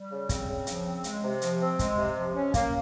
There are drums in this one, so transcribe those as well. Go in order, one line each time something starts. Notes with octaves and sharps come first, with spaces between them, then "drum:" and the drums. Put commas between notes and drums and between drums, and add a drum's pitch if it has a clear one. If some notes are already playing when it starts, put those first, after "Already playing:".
Already playing: G3
C#3
C4, drum: kick, hi-hat
C#3
F3, drum: hi-hat
C4
G#3, drum: hi-hat
C3
F3, drum: hi-hat
C4
G#3, drum: kick, hi-hat
C3
F3
C#4
A#3, drum: kick, hi-hat